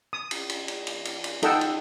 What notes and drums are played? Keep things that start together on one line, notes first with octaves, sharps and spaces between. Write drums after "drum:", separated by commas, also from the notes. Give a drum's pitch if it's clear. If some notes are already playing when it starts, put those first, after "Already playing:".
D#6
drum: cymbal
drum: cymbal
drum: cymbal
drum: cymbal
drum: cymbal
drum: cymbal
D#4 A4 D#5 F#5 G5 E6, drum: cymbal
drum: cymbal